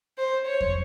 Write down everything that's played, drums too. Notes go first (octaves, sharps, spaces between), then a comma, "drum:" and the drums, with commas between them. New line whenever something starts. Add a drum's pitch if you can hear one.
C5
C#5
drum: kick E2